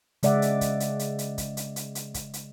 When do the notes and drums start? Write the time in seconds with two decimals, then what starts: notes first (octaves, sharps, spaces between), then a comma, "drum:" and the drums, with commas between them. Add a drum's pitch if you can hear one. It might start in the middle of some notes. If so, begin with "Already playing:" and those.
0.23 C#3 G#3 D5 E5 F#5, drum: hi-hat
0.42 drum: hi-hat
0.61 drum: kick, hi-hat
0.80 drum: hi-hat
0.99 drum: hi-hat
1.19 drum: hi-hat
1.38 drum: kick, hi-hat
1.57 drum: hi-hat
1.76 drum: hi-hat
1.95 drum: hi-hat
2.14 drum: kick, hi-hat
2.33 drum: hi-hat